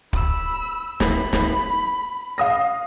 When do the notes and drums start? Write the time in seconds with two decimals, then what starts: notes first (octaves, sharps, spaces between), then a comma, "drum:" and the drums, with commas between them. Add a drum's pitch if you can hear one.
0.13 B5 E6, drum: kick
1.00 B5, drum: snare
1.33 drum: snare
2.38 F5 D#6 A#6